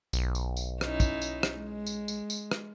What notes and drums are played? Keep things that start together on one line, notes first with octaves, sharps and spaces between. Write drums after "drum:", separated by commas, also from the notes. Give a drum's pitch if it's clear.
B1, drum: tambourine
drum: tambourine
drum: tambourine
C#4 D#4 E4, drum: rim click
drum: kick, tambourine
drum: tambourine
drum: rim click
G#3
drum: tambourine
drum: tambourine
drum: tambourine
drum: rim click